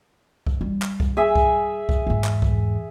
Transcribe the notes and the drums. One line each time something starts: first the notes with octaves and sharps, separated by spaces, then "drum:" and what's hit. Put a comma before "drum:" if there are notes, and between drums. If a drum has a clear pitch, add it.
drum: kick C2
G3
drum: clap
drum: kick C2
G#4 E5
drum: kick C2
drum: kick C2
E2 G#2
drum: clap
drum: kick C2